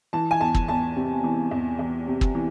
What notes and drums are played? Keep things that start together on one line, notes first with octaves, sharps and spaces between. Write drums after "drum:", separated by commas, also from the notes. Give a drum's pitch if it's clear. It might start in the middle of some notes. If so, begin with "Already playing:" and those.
E3 A5
G#5
E2 A5
drum: kick
E2 A5
C3
E3
E2
E2
C3
drum: kick
E3